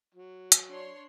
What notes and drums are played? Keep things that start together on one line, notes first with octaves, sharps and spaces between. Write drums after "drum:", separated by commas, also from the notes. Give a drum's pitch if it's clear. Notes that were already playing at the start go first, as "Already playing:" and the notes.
F#3
drum: hi-hat
D4 C#5 C6